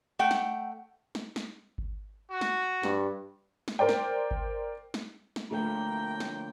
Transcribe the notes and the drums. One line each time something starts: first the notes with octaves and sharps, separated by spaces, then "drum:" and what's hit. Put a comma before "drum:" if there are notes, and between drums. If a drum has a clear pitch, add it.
A3 F#5 G5
drum: snare
drum: snare
drum: snare
drum: kick G#1
F#4
drum: snare
G2, drum: snare
drum: snare
A#4 C5 D5 G5
drum: snare
drum: kick G#1
drum: snare
drum: snare
D3 F3 A3 A#3 G5 A#5
drum: snare